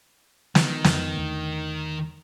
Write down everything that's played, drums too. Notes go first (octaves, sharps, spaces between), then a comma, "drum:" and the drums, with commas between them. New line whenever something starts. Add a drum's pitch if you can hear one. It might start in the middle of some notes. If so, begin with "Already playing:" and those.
D#3, drum: snare
F2, drum: snare
E2 D3 A3